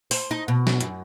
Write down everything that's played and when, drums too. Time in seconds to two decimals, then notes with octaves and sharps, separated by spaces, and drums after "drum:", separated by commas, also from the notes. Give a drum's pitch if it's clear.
0.11 C5, drum: open hi-hat
0.31 D#4
0.48 B2
0.67 drum: snare
0.81 F#2, drum: hi-hat